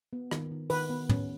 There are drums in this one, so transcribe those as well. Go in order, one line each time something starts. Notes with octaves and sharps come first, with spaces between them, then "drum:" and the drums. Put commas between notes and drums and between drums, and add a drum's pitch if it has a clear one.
B3
D#3, drum: rim click
D#3
D#3 B4, drum: open hi-hat
B3
C#4, drum: tom